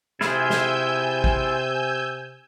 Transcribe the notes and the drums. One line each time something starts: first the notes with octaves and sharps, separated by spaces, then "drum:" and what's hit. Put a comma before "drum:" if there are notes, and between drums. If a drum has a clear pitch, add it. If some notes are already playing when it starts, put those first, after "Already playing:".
C3 E4 F4 G#4 G#5 E6 G6, drum: snare
drum: snare
drum: kick A1